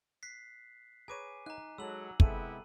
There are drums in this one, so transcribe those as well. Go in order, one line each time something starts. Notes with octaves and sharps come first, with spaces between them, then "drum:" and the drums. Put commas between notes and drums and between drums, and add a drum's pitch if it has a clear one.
F#6 B6 C7
G#4 B4 C#5 G#5 A#5 D6 D#7
D#4 A#5 F#6
F#3 G#3 A4 B5 E6 F#7
C3 G#3 B3 E4 G4 A4 E5 D#7, drum: kick